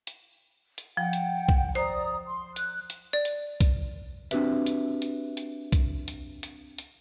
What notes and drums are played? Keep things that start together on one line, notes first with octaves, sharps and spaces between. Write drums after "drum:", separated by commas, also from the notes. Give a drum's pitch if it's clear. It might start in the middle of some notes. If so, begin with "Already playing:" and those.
drum: hi-hat
drum: hi-hat
F3 F#5 G5
drum: hi-hat
drum: kick B1
C5 D5 A#5 D#6
C6
F#6, drum: hi-hat
drum: hi-hat
D5
drum: hi-hat
drum: kick B1, hi-hat
C4 D4 F#4 G4 B4 E5, drum: hi-hat
drum: hi-hat
drum: hi-hat
drum: hi-hat
drum: kick B1, hi-hat
drum: hi-hat
drum: hi-hat
drum: hi-hat